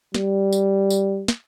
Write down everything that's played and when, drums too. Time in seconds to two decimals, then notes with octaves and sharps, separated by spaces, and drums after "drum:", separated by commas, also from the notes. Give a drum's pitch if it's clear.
0.15 G3, drum: snare
0.52 drum: tambourine
0.90 drum: tambourine
1.28 drum: snare